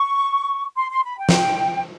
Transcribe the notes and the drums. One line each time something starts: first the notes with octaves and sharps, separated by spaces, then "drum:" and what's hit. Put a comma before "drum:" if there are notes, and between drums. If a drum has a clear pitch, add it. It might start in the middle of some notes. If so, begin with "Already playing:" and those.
Already playing: C#6
C6
C6
B5
G5
drum: snare